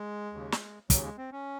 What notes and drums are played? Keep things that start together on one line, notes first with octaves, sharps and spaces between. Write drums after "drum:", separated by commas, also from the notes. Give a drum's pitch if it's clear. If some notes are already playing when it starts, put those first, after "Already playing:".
Already playing: G#3
D#2 C#3
drum: snare
D#2 C#3 F#3, drum: kick, hi-hat
G#3
C4
C#4